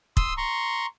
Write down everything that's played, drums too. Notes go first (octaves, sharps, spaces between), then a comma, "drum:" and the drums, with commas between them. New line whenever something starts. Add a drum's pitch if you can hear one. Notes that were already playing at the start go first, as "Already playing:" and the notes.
C6 D#6 E6, drum: kick
A#5 C6 C#6